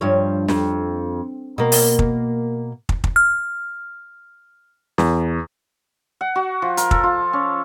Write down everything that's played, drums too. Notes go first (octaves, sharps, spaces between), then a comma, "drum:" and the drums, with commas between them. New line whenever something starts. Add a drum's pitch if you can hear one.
G2 F3 C#5
F2, drum: snare
B2 A#3
drum: open hi-hat
drum: kick
drum: kick
drum: kick
F6
E2, drum: snare
F#5
F#4
F3
A#4, drum: hi-hat
A4, drum: kick
F4
C#4